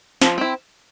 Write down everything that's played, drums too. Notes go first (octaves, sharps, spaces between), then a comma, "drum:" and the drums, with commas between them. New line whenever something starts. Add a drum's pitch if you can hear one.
F3, drum: snare
C4 E4